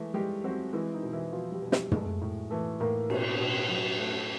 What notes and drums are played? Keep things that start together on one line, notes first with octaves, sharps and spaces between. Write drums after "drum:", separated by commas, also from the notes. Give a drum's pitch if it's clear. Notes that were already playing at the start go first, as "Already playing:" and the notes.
Already playing: E3 G#3 A3
G3 G#3 G4
F#3 C4 F#4
E3 G#3 E4
D#4
B2
E3 E4
B2 F3 F4
G3 G4
B2
G3 G4, drum: snare
G#3 A3 G#4, drum: tom
A2
E3 A3 A4
A2 A#3 A#4
B2, drum: cymbal
B2
F#3
A3